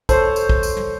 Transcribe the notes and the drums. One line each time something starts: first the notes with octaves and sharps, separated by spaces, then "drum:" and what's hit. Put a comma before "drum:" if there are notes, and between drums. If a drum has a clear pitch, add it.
A4 C5 C#5 C6, drum: kick, tambourine
drum: tambourine
drum: kick
drum: tambourine
drum: tom